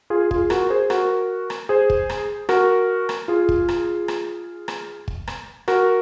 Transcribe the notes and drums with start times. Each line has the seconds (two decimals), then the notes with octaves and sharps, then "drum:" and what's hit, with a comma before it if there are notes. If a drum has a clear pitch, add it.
0.10 F4 G#4
0.31 F4 G#4, drum: kick
0.50 F#4 A#4, drum: rim click
0.70 G#4 C5
0.90 F#4 A#4, drum: rim click
1.50 drum: rim click
1.69 G#4 C5
1.90 drum: kick
2.10 drum: rim click
2.49 F#4 A#4, drum: rim click
3.09 drum: rim click
3.28 F4 G#4
3.49 drum: kick
3.68 drum: rim click
4.08 drum: rim click
4.68 drum: rim click
5.08 drum: kick
5.27 drum: rim click
5.68 F#4 A#4, drum: rim click